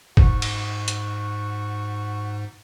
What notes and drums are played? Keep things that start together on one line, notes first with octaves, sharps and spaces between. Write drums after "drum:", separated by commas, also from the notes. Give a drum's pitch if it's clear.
G#2 F#4, drum: kick G#1
drum: cymbal
drum: hi-hat